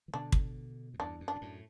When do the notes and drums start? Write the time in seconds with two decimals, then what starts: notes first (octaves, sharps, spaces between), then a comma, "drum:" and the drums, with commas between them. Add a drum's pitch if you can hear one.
0.08 E3
0.14 B2 D3 D4
0.32 drum: kick
0.94 F#2
0.99 E2 G2 D4
1.20 F#2
1.28 D4
1.35 B2
1.41 F#2 A2